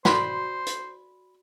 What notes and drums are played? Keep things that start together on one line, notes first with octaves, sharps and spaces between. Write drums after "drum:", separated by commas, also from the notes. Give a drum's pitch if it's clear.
F#4 C5 D5 B5 C6, drum: snare
drum: hi-hat